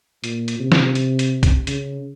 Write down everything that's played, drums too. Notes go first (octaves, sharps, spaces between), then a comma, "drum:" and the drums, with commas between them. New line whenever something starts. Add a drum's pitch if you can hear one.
A#2, drum: hi-hat
drum: hi-hat
C3
drum: snare
drum: hi-hat
drum: hi-hat
drum: kick, hi-hat
C#3, drum: hi-hat